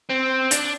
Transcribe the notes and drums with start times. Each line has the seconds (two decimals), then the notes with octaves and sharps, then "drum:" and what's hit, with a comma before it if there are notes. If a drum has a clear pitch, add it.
0.09 C4
0.51 D4, drum: hi-hat